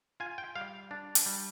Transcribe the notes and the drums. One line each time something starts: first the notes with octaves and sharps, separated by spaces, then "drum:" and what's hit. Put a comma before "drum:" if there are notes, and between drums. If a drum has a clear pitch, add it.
F4 G#5
G5
G3 F5
D4
drum: hi-hat
G3